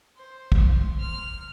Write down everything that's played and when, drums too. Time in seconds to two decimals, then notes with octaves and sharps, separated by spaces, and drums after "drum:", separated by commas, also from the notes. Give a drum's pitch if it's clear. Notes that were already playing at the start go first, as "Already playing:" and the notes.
0.16 C5
0.52 drum: kick
0.99 F6